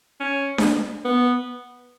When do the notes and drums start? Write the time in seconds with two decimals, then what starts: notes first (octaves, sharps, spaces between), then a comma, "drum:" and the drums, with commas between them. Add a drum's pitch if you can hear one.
0.20 C#4
0.58 drum: snare D4
1.05 B3